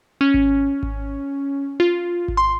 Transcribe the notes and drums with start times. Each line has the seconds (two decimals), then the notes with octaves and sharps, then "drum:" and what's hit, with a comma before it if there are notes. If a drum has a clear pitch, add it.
0.21 C#4
0.34 drum: kick G#1
0.83 drum: kick G#1
1.80 F4
2.28 drum: kick G#1
2.37 C6